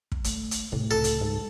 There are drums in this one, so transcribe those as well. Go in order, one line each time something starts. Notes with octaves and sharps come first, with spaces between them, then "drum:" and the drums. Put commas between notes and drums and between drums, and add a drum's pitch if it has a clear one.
drum: kick
A3, drum: hi-hat
drum: hi-hat
A2 C3 C4
C#2 A4
drum: hi-hat
G#2